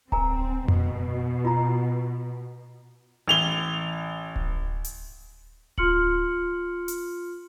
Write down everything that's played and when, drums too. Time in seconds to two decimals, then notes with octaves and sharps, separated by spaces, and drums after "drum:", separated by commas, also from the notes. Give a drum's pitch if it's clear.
0.12 C4 A#4 G#5 A#5, drum: kick D1
0.68 B2, drum: tom F2
1.45 F4 A#5
3.28 A1 F7 G7
4.36 drum: kick D1
4.84 drum: hi-hat
5.78 F4 C6 F6 C#7 F#7, drum: kick D1
6.88 drum: hi-hat